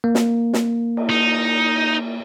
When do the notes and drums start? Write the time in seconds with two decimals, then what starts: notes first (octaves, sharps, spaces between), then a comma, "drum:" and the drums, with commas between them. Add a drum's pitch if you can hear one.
0.04 A#3
0.15 drum: snare
0.53 drum: snare
0.97 drum: cymbal
1.10 D#4